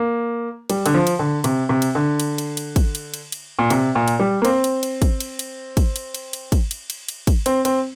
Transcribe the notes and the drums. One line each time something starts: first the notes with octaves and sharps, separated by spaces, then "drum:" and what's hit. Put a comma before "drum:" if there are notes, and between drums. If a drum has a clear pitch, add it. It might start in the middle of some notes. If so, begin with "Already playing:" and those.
Already playing: A#3
G3, drum: cymbal
D3, drum: cymbal
F3
drum: cymbal
D3
C3, drum: cymbal
C3
drum: cymbal
D3
drum: cymbal
drum: cymbal
drum: cymbal
drum: kick, cymbal
drum: cymbal
drum: cymbal
drum: cymbal
A#2
C3, drum: cymbal
A#2
drum: cymbal
G3
A#3
C4, drum: cymbal
drum: cymbal
drum: cymbal
drum: kick, cymbal
drum: cymbal
drum: cymbal
drum: kick, cymbal
drum: cymbal
drum: cymbal
drum: cymbal
drum: kick, cymbal
drum: cymbal
drum: cymbal
drum: cymbal
drum: kick, cymbal
C4, drum: cymbal
C4, drum: cymbal